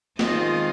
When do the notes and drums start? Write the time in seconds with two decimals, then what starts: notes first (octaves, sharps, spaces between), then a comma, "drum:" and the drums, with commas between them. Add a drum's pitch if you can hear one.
0.19 D#3 G#3 C4 F4 D#5, drum: snare